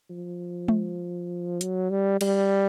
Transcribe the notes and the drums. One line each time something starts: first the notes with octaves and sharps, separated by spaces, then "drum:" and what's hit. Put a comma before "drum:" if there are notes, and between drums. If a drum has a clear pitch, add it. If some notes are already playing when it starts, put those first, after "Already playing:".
F3
drum: tom G#3
F#3, drum: hi-hat
G3
G3, drum: cymbal